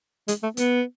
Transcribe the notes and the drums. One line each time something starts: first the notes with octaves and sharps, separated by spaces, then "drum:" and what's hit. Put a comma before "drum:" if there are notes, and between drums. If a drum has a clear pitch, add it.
G#3, drum: hi-hat
A3
B3, drum: hi-hat